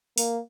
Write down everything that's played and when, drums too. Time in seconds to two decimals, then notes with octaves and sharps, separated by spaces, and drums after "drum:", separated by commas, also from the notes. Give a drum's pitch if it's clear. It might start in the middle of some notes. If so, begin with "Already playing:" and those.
0.18 A#3, drum: open hi-hat